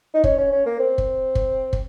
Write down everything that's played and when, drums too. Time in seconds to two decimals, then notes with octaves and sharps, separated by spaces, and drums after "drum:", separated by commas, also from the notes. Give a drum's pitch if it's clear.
0.14 D#4
0.24 C#4, drum: kick
0.38 C#4
0.52 C#4
0.66 A#3
0.79 C4
0.98 drum: kick
1.35 drum: kick
1.73 drum: kick